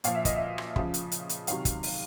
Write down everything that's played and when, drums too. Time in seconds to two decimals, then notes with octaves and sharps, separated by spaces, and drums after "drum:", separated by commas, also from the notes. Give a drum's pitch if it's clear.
0.04 A#2 F3 F5, drum: hi-hat
0.15 E5
0.25 D#5, drum: kick, hi-hat
0.35 E5
0.58 drum: rim click
0.76 C#3 F3, drum: kick
0.94 drum: hi-hat
1.12 drum: hi-hat
1.29 drum: hi-hat
1.47 C3 D#3 F#3 F5, drum: hi-hat
1.65 drum: kick, hi-hat
1.83 drum: open hi-hat